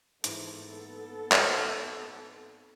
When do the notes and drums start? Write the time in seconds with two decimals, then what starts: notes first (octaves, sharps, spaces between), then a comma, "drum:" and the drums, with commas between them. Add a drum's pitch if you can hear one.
0.24 G#2 E3 A#3 B3 A4, drum: hi-hat
1.32 C4 D#4 F#4, drum: clap